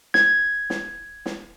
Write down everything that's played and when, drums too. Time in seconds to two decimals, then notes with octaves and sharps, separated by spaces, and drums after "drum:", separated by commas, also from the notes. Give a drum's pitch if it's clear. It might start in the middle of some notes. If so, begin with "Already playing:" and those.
0.14 G#6, drum: snare
0.70 drum: snare
1.26 drum: snare